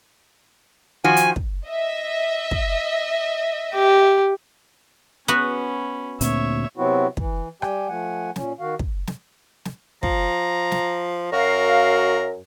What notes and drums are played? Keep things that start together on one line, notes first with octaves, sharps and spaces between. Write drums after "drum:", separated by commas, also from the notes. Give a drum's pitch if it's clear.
D#3 F3 F#4 G#5
drum: hi-hat
drum: kick
D#5 E5
drum: kick
G4
B3 C#4 F#4 B5
D2 A#2 C4 C#5 E5, drum: hi-hat
C3 F#3 B3 C4 E4 F#4
E3, drum: kick
G3 G4 G5 G#5, drum: rim click
F3 A3 F#5 G#5
A#2 C#4, drum: snare
D#3 F#4 F5
drum: kick
drum: snare
drum: snare
F3 A#5, drum: kick
drum: snare
F#2 F#4 A#4 F5